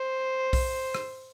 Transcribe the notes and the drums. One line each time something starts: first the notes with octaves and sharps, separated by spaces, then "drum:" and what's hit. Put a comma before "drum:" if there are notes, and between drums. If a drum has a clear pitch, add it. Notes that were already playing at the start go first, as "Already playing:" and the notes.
Already playing: C5
drum: kick B1, open hi-hat
drum: rim click